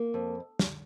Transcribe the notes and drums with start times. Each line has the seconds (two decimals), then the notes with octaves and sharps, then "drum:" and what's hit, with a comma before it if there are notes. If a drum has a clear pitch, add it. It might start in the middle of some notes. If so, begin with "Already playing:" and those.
Already playing: A#3
0.14 F2
0.59 drum: snare